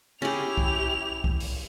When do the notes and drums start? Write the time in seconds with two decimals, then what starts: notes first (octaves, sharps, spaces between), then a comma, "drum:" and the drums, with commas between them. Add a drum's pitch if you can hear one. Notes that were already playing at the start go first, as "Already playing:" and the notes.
0.22 C#4 E4 G4 G#4 F7
0.58 drum: kick C2
1.24 drum: kick C2
1.40 drum: open hi-hat